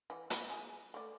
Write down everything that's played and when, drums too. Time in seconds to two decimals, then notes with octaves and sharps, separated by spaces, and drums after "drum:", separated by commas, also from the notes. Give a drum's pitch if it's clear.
0.10 E3
0.30 F#3 B4, drum: hi-hat
0.50 G#4
0.94 A3 D5